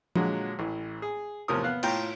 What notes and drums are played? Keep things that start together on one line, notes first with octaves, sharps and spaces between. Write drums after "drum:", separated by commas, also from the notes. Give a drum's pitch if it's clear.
A#2 D3 F#3 G#3, drum: tom F3
A1 E3
G#4
E2 A2 C3 F3 A#4 D#6
B3 F5 F#6
A2 F4 G5 A#5, drum: cymbal